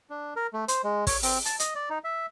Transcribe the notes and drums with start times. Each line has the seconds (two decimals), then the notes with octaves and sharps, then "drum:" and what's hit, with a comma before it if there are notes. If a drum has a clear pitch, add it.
0.10 D4
0.36 A#4
0.53 A3
0.68 C5, drum: hi-hat
0.84 G#3
1.07 C#5, drum: kick, open hi-hat
1.23 C4, drum: open hi-hat
1.45 A5, drum: hi-hat
1.60 D#5, drum: hi-hat
1.75 D5
1.90 D#4
2.04 E5